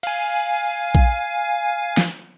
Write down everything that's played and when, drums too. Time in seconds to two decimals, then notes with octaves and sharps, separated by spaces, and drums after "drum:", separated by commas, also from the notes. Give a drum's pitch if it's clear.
0.03 F5 G#5, drum: cymbal
0.95 drum: kick A#1
1.97 drum: snare